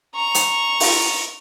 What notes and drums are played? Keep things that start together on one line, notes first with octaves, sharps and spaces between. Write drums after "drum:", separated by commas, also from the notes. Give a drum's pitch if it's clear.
A#5 C#6
drum: hi-hat
drum: open hi-hat